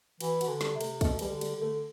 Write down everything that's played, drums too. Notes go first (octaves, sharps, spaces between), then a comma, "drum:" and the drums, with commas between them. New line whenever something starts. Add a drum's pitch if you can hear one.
E3 F#4, drum: cymbal
F#4, drum: cymbal
D3
G3, drum: snare
C3
A3, drum: cymbal
B2 A3, drum: kick, cymbal
E3 G3, drum: cymbal
D3
G3, drum: cymbal
D3
A3